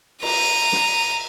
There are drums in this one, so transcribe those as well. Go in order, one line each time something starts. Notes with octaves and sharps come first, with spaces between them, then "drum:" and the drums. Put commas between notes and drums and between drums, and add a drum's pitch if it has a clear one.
A#5 D#7, drum: cymbal
drum: snare